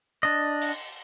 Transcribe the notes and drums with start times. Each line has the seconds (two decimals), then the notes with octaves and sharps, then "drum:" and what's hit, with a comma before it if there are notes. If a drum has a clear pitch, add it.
0.23 D4 D#5
0.61 drum: open hi-hat